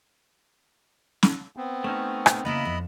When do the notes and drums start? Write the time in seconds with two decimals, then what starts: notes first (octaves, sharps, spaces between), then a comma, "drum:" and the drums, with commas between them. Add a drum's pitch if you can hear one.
1.23 drum: snare
1.57 B3 C4
1.84 A3 C#4 D#4 C#5
2.26 drum: rim click
2.45 C#3 A#3 B3 E4 C5 D#5 B5
2.65 F2